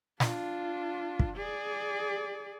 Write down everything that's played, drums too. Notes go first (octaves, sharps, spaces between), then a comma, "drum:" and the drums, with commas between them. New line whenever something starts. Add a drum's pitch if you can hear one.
D4 F4, drum: snare
drum: kick
G#4 D5